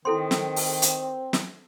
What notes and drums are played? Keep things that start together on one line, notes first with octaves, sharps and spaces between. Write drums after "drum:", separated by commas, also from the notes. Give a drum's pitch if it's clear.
D#3 C4 E4 A4 C6
drum: snare
drum: open hi-hat
drum: hi-hat
drum: snare